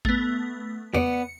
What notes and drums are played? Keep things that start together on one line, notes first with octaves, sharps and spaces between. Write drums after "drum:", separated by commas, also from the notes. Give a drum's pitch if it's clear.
A3 B3, drum: kick A1
B3 D5 C#7, drum: tom E2